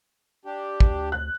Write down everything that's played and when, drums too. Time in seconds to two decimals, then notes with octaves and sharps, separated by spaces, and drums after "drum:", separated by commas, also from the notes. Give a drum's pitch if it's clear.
0.45 D4 G4
0.80 D2, drum: kick
1.12 F#6